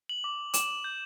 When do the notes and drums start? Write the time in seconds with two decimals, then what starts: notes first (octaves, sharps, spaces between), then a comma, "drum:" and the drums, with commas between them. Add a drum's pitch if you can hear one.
0.09 F#7
0.24 D6
0.54 D6 E7, drum: hi-hat
0.84 G6